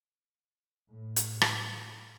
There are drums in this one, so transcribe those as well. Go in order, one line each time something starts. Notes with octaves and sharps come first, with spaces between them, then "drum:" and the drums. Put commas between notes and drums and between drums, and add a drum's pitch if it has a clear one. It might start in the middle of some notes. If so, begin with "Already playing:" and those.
A2
drum: hi-hat
drum: rim click